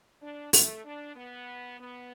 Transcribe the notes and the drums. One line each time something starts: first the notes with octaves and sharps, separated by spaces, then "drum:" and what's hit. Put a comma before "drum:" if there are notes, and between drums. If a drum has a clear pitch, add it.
D4
A3, drum: open hi-hat
D4
B3
B3